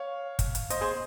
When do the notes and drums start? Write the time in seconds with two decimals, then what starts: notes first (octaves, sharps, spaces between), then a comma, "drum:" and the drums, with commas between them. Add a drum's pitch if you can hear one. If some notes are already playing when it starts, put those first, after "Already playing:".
Already playing: C#5 F5
0.39 drum: kick, hi-hat
0.55 drum: hi-hat
0.70 C5 D#5, drum: hi-hat
0.81 G#4 C5